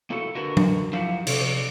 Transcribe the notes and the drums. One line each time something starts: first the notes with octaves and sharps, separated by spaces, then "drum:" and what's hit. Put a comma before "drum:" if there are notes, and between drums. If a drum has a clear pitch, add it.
A#3 E4 F#4 A4
D3 F#4 A#4 B4
drum: tom F#3
F3 D#4 E4 F#4 G4 F5
C3 C#4, drum: cymbal